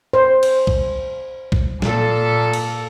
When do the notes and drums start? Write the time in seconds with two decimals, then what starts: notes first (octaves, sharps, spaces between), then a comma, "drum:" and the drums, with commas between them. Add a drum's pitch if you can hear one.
0.13 C5
0.43 drum: cymbal
0.67 drum: kick
1.52 drum: kick
1.82 A#2 A4, drum: snare
2.53 drum: cymbal